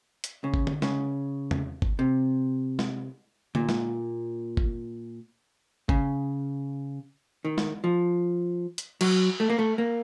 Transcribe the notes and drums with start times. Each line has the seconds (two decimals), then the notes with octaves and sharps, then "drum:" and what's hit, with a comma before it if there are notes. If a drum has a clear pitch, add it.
0.24 drum: hi-hat
0.44 C#3
0.54 drum: kick
0.67 drum: tom D3
0.82 C#3, drum: snare
1.51 drum: tom E2
1.82 drum: kick
1.99 C3
2.79 drum: snare
3.55 A#2, drum: tom D3
3.69 drum: snare
4.57 drum: kick
5.89 C#3, drum: kick
7.45 D#3
7.58 drum: snare
7.84 F3
8.78 drum: hi-hat
9.01 F#3, drum: cymbal
9.40 A3
9.50 A#3
9.59 A3
9.78 A#3